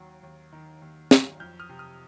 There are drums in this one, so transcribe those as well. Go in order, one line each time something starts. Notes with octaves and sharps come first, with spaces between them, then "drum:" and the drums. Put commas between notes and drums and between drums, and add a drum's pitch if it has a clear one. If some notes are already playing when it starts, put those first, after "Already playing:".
Already playing: D#2 D#3 F#3
D#2
D#3
D#2
F#3, drum: snare
F2 F6 G6
D#6 F6
C3
D#6 F6